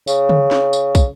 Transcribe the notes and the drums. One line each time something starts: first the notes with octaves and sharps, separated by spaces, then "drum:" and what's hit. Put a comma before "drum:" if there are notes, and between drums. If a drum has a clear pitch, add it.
C#3, drum: tambourine
drum: tom C#3
drum: snare
drum: tambourine
drum: kick, tambourine